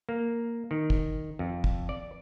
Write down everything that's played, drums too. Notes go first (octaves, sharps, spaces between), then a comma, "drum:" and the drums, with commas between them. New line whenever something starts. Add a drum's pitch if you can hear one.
A#3
D#3
drum: kick
F2
drum: kick
D5